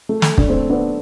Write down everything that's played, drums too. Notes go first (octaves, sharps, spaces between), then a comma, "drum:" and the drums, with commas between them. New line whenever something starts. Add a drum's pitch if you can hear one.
A3
drum: snare
D4, drum: kick
A3 C4
B3 D4